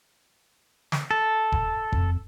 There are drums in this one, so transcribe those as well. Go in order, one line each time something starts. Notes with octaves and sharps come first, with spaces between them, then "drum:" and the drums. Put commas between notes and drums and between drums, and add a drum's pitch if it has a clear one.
drum: snare
A4
drum: kick E1
F2, drum: kick E1